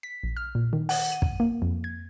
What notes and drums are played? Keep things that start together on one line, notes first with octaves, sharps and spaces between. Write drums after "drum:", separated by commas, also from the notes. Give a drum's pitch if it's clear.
B6
A#1
F6
A#2
D#3
F#5, drum: open hi-hat
D#7
drum: kick
A#3
F2
G#6